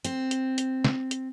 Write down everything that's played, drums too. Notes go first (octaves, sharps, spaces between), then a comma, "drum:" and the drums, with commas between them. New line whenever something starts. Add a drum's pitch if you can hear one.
C4, drum: hi-hat
drum: hi-hat
drum: hi-hat
drum: snare
drum: hi-hat